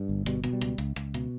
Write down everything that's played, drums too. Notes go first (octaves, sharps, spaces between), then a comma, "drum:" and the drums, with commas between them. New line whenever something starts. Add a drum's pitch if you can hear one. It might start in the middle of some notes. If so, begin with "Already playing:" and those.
Already playing: G2
G1
B2 G3, drum: hi-hat
B2, drum: hi-hat
G3
C#2, drum: hi-hat
C#2, drum: hi-hat
C#2, drum: hi-hat
B2, drum: hi-hat